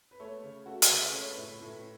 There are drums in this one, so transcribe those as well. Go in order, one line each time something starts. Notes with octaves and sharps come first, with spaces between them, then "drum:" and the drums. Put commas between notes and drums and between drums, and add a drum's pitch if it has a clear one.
B4
A3 C#5
C#3
A3 F#4
B4, drum: hi-hat
C#3
E5
A3 C#5
B4
A2
B4
A2